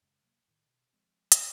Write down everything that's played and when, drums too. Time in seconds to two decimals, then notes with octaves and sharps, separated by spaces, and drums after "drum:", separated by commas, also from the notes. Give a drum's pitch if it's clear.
0.02 F#2 C#3 G#3
0.23 C3 F#3 A#3
0.48 A2 D#3
0.66 B2
0.93 F3 G#3 C4
1.32 G1 D2 A2 E3, drum: hi-hat